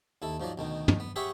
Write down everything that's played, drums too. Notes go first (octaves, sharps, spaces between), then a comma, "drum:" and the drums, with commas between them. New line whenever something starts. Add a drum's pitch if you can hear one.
D#2 E4 A4
G#2 F3 F#3 D5
D2 B2 D#3
drum: tom
B3
G4 G#4 B4 C#5 E5 F#5